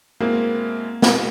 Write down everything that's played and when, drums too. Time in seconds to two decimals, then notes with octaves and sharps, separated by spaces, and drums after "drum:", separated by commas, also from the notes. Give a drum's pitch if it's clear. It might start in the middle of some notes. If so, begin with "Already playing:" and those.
0.20 B2 G#3 A#3 C4 E4
1.02 B2 G#3 C4 E4, drum: snare